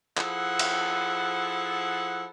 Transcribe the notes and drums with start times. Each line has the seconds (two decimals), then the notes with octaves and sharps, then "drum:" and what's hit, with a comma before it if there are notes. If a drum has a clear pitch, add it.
0.17 F3 E4 G#4 A4 F#5, drum: clap
0.59 drum: cymbal